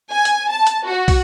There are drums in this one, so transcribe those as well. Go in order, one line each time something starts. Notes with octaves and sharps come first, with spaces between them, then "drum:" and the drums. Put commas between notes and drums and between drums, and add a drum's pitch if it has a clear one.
G#5
drum: hi-hat
A5
drum: hi-hat
F#4
drum: kick, open hi-hat